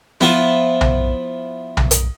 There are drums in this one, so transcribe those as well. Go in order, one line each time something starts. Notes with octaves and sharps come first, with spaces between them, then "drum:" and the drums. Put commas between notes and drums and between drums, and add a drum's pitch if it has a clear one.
F3 B3 E4, drum: snare
drum: tom B1
drum: tom B1
drum: hi-hat